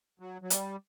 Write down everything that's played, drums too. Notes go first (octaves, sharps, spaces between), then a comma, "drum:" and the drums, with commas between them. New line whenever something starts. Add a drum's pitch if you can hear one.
F#3
F#3
G3, drum: hi-hat